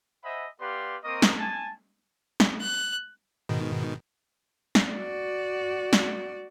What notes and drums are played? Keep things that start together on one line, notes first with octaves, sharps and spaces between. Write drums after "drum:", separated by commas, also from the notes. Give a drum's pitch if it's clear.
C5 D#5 E5 F#5 G#5 B5
B3 G4 B4 D5 F5 C6
A#3 C4 A#4 D#5 C#6 D#6
drum: snare
G#5 A5
drum: snare
F#6
G#2 B2 D#3
drum: snare
F#4 D5
drum: snare